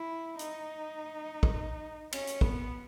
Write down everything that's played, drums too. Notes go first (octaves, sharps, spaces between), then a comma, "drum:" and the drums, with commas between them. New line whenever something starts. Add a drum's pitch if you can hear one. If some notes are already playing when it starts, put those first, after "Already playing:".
Already playing: E4
D#4, drum: hi-hat
drum: kick
C#4, drum: cymbal
drum: hi-hat
B3, drum: kick